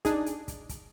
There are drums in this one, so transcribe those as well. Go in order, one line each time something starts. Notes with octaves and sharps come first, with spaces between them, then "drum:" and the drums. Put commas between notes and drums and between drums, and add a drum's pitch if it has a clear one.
D4 D#4 G#4, drum: kick, hi-hat
drum: hi-hat
drum: kick, hi-hat
drum: kick, hi-hat